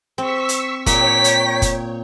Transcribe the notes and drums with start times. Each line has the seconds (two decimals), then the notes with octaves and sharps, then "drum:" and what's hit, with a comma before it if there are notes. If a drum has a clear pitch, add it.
0.18 C4 C#6 E6 B6
0.49 drum: hi-hat
0.86 A#2 A#3 C#5 G5 B6, drum: kick, hi-hat
1.24 drum: hi-hat
1.62 drum: kick, hi-hat